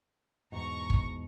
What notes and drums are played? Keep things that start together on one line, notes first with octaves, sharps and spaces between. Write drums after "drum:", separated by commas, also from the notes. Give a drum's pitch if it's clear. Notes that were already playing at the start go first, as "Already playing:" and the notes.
E2 G#2 B2 A#5 C#6
drum: kick